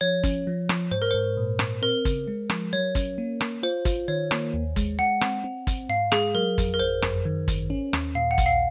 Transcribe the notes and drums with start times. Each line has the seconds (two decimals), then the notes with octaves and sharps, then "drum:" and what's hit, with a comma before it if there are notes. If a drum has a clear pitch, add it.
0.01 F3 C#5
0.23 C#4, drum: kick, hi-hat
0.47 F3
0.69 F3, drum: rim click
0.91 G#2 C5
1.02 A#4
1.11 G#2 C5
1.37 A#2
1.59 A#2, drum: rim click
1.82 C4 A#4
2.05 C#3, drum: kick, hi-hat
2.27 G#3
2.50 F3, drum: rim click
2.73 F#3 C#5
2.95 C#4, drum: kick, hi-hat
3.18 A#3
3.41 A#3, drum: rim click
3.63 F4 C5
3.85 F4, drum: kick, hi-hat
4.08 D#3 C#5
4.31 A#3, drum: rim click
4.54 D#2
4.76 G#3, drum: kick, hi-hat
4.99 G#3 F#5
5.21 C4, drum: rim click
5.44 C4
5.67 C4, drum: kick, hi-hat
5.89 G#2 F5
6.12 G#3 G#4, drum: rim click
6.35 F#3 A#4
6.58 F2, drum: kick, hi-hat
6.74 A#4
6.79 G#1 C5
7.02 F#2, drum: rim click
7.25 D#3
7.48 G#1, drum: kick, hi-hat
7.70 C#4
7.93 D#2, drum: rim click
8.15 A#2 F5
8.31 F#5
8.38 A#1, drum: kick, hi-hat
8.46 F5